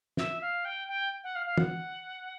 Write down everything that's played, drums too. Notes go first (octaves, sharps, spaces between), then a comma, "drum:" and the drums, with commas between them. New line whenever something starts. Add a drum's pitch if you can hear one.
E5, drum: snare
F5
G5
G5
F#5
F5
F5
F#5, drum: tom